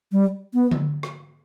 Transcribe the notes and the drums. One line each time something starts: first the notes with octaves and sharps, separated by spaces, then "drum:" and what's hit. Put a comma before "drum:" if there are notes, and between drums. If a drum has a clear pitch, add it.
G3
B3
drum: tom D3
drum: rim click